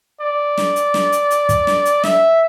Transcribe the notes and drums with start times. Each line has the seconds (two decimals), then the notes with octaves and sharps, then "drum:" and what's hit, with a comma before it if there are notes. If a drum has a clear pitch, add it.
0.20 D5
0.57 drum: snare
0.76 drum: hi-hat
0.94 drum: snare
1.12 drum: hi-hat
1.31 drum: hi-hat
1.49 drum: kick, hi-hat
1.67 drum: snare
1.85 drum: hi-hat
2.03 E5, drum: snare